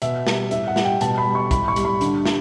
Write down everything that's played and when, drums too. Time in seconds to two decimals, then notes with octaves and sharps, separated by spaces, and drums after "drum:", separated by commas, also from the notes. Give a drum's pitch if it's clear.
0.02 B2 E5, drum: hi-hat
0.27 G3, drum: snare
0.51 A2 E5, drum: hi-hat
0.68 F#5
0.76 G3, drum: snare
0.85 G5
1.01 B2 A5, drum: hi-hat
1.18 B5
1.26 G3
1.35 C#6
1.51 A2 B5, drum: kick, hi-hat
1.68 C#6
1.76 G3, drum: hi-hat
1.85 B5
2.01 D3, drum: hi-hat
2.25 G3, drum: snare